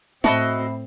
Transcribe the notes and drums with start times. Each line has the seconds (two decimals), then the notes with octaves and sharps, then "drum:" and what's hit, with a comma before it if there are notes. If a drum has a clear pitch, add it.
0.24 A2 C4 F#4 D#5 E5 A5 B5 E6, drum: snare